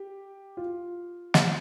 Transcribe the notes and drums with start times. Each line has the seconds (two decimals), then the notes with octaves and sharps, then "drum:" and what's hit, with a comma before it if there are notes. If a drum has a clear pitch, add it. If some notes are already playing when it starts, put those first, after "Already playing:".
Already playing: G4
0.57 F4
1.34 drum: snare